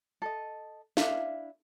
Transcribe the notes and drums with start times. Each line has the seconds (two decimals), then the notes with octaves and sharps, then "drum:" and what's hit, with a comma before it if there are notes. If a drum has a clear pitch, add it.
0.22 A4 D#5
0.97 D4 E4 E5 F5, drum: snare